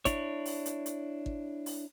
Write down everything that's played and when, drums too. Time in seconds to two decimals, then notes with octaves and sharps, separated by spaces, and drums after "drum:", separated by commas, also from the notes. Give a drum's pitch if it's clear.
0.05 D4 E4 C#5, drum: kick, hi-hat
0.45 drum: open hi-hat
0.66 drum: hi-hat
0.86 drum: hi-hat
1.26 drum: kick
1.66 drum: open hi-hat